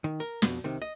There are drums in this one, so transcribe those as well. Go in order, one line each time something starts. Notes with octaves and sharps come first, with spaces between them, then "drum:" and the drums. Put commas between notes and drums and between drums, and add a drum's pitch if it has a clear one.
D#3
A#4
F2 B2, drum: snare
C3 D#3
D#5